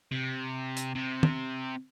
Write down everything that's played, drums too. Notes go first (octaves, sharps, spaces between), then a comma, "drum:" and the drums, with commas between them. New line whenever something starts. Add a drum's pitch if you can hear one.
C3
drum: hi-hat
C3
drum: tom